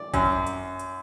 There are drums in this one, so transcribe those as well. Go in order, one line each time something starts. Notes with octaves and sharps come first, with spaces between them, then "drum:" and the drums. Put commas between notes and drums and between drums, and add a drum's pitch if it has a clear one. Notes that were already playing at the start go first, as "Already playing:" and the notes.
Already playing: D5
F#2, drum: kick G#1, hi-hat
drum: hi-hat
drum: hi-hat